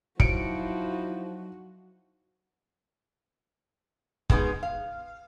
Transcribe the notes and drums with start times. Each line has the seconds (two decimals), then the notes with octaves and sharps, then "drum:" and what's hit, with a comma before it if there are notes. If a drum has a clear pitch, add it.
0.20 F3 F#3 D#4 E4 F#4 C#7 D7, drum: kick
4.30 B2 G#3 B3 D#4 G#4, drum: kick
4.63 F5